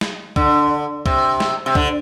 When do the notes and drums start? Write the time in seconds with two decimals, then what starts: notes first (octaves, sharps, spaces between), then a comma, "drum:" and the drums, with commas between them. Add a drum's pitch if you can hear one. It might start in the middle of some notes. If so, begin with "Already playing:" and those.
0.01 drum: snare
0.36 D3, drum: kick C2
1.06 C3, drum: kick C2
1.40 drum: snare
1.66 C3
1.75 D3, drum: kick C2